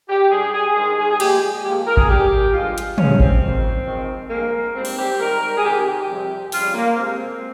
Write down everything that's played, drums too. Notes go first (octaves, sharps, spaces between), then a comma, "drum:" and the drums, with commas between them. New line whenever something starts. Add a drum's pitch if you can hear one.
G4
G2 G3 G#4
G#4
G#2 D#3 G#3 G#4
G#4
G#4
A#2 F3 G#3 G4, drum: cymbal
A#2 F3 G#3 G4
A#4
G#4, drum: kick G#1
G2 G3 G4
G2 F3 G#3 F4
drum: hi-hat
C3 F3 G#3 C#4, drum: tom
C4, drum: kick G#1
F2 D#3 G#3
F2 D#3 G#3
G2 F3 G#3 A#3
G#2 G3 C4
drum: cymbal
G4
G#2 D#3 G3 A#4
G#4
C3 D#3 G#3 G4
G4
F2 C3 G3
F2 C#3 G3 F4, drum: open hi-hat
A#3
C3 F3 G#3 C4